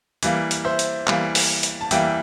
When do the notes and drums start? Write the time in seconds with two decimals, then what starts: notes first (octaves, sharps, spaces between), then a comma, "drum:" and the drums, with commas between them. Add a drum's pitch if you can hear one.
0.23 E3 G3 A#3, drum: hi-hat
0.51 drum: hi-hat
0.65 C5 E5
0.79 drum: hi-hat
1.07 E3 G3 A#3, drum: clap
1.35 drum: open hi-hat
1.63 drum: hi-hat
1.81 A5
1.91 E3 G3 A#3 E5 G5, drum: hi-hat